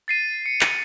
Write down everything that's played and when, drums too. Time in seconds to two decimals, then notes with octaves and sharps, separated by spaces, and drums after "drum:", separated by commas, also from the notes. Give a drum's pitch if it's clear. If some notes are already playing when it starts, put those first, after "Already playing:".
0.08 A6 C7 D#7
0.46 C#7
0.61 drum: clap